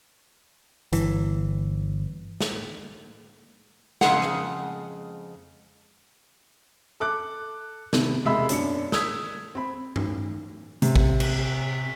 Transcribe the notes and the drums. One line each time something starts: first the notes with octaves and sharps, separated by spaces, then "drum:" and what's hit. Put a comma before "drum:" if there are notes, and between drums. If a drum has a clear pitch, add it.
G1 E3, drum: hi-hat
drum: snare
F2 C#3 G#3 G#4 F#5, drum: snare
drum: rim click
A4 D6 F#6
C3 D#3 B3, drum: snare
E1 C3 G#3 E5 B5 E6
F#2 B2 D4 C#7, drum: hi-hat
D#6 E6 G#6 B6, drum: snare
C4 B5
drum: tom G2
C3, drum: hi-hat
drum: kick A1
drum: cymbal